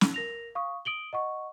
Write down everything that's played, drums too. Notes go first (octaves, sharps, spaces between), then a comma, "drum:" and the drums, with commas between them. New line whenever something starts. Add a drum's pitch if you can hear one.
drum: snare
A#4 A#6 F7
F5 C#6 D#6
D#6 D7 F#7 G7
D#5 F#5 C#6